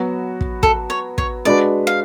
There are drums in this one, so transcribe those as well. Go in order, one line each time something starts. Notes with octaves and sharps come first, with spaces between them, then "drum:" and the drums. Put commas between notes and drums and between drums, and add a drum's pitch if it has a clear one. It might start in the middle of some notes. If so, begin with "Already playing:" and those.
Already playing: F#3 B3 F#4
drum: kick
A4, drum: kick
C#5
C#5, drum: kick
G#3 D4 F#4 B4 D5
F5